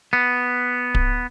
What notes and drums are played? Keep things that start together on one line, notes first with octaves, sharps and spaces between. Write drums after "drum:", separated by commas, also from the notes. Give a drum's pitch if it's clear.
B3
drum: kick D1